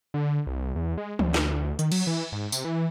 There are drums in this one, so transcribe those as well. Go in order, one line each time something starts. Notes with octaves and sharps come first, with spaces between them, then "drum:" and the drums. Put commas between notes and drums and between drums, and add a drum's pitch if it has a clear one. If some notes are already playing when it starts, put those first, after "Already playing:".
D3
C2
E2
G#3
D2, drum: tom E3
drum: snare
D#3, drum: hi-hat
F#3, drum: cymbal
E3
G#2
C3, drum: tambourine
E3